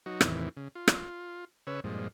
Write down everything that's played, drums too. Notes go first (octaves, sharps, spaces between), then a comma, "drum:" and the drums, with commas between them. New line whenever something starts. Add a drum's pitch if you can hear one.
F#3 D#4 F#4
E2 A2 C3 D#3 E3, drum: rim click
C#3
F4
drum: rim click
C#3 B4 C#5 E6
G2 A#2 F3 G#3